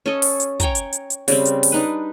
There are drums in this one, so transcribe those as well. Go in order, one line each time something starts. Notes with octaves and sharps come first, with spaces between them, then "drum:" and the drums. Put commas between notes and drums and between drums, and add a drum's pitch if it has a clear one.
C#4 A4 D#5
drum: open hi-hat
drum: hi-hat
C#5 G5 G#5 A#5, drum: kick, hi-hat
drum: hi-hat
drum: hi-hat
drum: hi-hat
C#3 G3 C4, drum: open hi-hat
drum: hi-hat
drum: open hi-hat
D4 D#4 B4